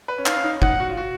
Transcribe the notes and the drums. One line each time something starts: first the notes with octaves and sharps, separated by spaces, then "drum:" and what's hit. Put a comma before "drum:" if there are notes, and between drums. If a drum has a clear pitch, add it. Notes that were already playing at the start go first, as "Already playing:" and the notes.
B4
C#4
D#4 F5, drum: clap
C#4
D#4
C#4
D#4 F#5, drum: kick
F#4
F4
F#4